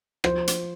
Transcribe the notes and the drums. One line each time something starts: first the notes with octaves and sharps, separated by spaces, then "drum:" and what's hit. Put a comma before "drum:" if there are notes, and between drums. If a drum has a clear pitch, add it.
F3 C5, drum: rim click
drum: hi-hat